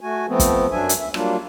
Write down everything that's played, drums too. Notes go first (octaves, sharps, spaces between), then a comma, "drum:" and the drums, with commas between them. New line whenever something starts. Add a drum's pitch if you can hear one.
A3 F#4 G#5
F3 A3 B3 C4
drum: kick, hi-hat
F#2 F#3 D4 E5 G#5
drum: hi-hat
D2 E5
F#3 G3 A#3 D4 F4, drum: rim click